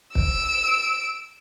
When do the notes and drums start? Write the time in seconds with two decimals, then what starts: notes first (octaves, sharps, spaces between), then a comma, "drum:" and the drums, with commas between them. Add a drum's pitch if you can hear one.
0.15 E6 D7, drum: kick